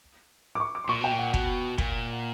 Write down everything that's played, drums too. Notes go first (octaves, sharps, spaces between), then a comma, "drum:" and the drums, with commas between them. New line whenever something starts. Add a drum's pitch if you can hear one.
D6
C#6
D6
C6
A#2 C#6
B2 G5
A#2
F#5
B2, drum: kick
A#2, drum: kick
F#5